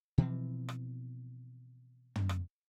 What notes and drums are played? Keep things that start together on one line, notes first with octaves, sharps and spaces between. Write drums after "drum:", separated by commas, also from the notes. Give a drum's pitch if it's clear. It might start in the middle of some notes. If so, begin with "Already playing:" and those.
B2 E3 F3 C4
drum: rim click
drum: tom
drum: rim click